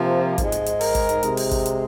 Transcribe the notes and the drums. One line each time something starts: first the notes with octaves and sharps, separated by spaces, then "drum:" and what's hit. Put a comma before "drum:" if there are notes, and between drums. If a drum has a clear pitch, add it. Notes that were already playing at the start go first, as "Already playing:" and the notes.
Already playing: C3 F3 A#3
G#2 G#3, drum: kick, hi-hat
drum: hi-hat
drum: hi-hat
A#4, drum: open hi-hat
drum: kick, hi-hat
drum: hi-hat
C3 G#3, drum: hi-hat
drum: open hi-hat
drum: kick, hi-hat
drum: hi-hat